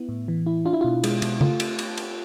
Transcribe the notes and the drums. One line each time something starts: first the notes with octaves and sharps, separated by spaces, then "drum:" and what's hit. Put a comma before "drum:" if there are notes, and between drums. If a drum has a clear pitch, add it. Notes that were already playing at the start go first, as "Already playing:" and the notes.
Already playing: B3 E4
A2
E3
E4
D4 F4
E4
B2 F4
G#3, drum: cymbal
B2, drum: cymbal
A3 F4, drum: tom C#3
drum: cymbal
drum: cymbal
drum: cymbal